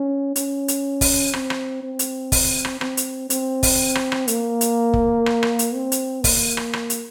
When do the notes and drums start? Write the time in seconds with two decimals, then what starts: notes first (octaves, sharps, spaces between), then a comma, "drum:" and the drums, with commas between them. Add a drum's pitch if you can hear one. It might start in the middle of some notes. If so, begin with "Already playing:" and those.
Already playing: C#4
0.36 C#4, drum: hi-hat
0.68 drum: hi-hat
1.01 drum: kick, open hi-hat
1.33 C4, drum: rim click
1.50 drum: rim click
1.83 C4
1.99 drum: hi-hat
2.32 drum: kick, open hi-hat
2.65 drum: rim click
2.81 C4, drum: rim click
2.97 drum: hi-hat
3.30 C4, drum: hi-hat
3.63 drum: kick, open hi-hat
3.95 drum: rim click
4.12 drum: rim click
4.28 A#3, drum: hi-hat
4.61 drum: hi-hat
4.94 drum: kick
5.26 drum: rim click
5.43 drum: rim click
5.59 drum: hi-hat
5.75 C4
5.92 drum: hi-hat
6.24 A#3, drum: kick, open hi-hat
6.57 drum: rim click
6.73 drum: rim click
6.90 drum: hi-hat